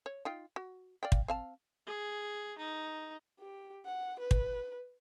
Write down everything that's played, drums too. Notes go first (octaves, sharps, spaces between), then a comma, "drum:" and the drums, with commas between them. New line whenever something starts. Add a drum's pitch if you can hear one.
C#5
D#4 F4 G5
F#4
D5 F5 G5
drum: kick
C4 F5 A5
G#4
D#4
G4
F#5
B4
drum: kick